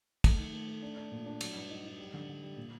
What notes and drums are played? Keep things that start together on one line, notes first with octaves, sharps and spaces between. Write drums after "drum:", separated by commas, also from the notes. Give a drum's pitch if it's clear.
A3, drum: kick, cymbal
D#3
A3
A3
D4
D4
A#2
D4
F#3, drum: cymbal
G2
D#4
D#4
G3
D3
D3
G3
A#2